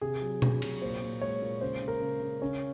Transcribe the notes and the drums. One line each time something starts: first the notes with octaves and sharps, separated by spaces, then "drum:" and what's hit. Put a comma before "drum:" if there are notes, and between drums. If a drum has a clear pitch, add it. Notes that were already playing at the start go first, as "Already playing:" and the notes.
C3 G#4
F#3
F#3, drum: tom B2
F#3, drum: cymbal
A#2 C5
A#2
G#3 C#5
A#2
C#3 C5
C#3
A#4
C#3
C#3
C#3 C#4